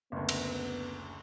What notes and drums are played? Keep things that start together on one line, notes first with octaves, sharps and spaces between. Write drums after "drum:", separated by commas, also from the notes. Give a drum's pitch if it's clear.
F#1 D2 B3
drum: cymbal